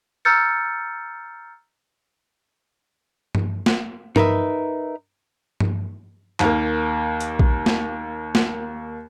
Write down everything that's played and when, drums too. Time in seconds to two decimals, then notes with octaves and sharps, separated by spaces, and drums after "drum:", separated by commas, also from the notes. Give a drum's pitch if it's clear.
0.25 A#5 E6 F6 G6 A6 C#7
3.35 drum: tom G2
3.66 drum: snare
4.16 D#4 A#4 B4 E5, drum: tom G2
5.60 drum: tom G2
6.40 D#2 A#3, drum: clap
7.20 drum: hi-hat
7.39 drum: kick A#1
7.66 drum: snare
8.35 drum: snare